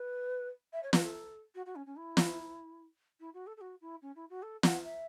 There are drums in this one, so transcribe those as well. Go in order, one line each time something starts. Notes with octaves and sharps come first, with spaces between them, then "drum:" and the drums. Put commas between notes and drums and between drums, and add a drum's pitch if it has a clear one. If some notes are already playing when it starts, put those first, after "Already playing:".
Already playing: B4
E5
C#5
B4, drum: snare
A4
F#4
F#4
C#4
C#4
E4
drum: snare
E4
F#4
A4
A4
F#4
E4
C#4
E4
F#4
A4
F#5, drum: snare
E5